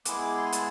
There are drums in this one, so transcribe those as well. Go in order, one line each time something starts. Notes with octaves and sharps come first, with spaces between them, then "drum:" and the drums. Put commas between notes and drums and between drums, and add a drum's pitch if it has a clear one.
G#3 B3 E4 G#4 D6, drum: hi-hat
D6
C6
G#5
A5, drum: hi-hat